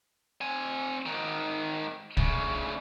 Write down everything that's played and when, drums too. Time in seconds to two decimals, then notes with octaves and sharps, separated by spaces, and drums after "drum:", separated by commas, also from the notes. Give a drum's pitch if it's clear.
0.41 C4 G#5
1.06 G#2 D#3
2.17 D2 C#3, drum: kick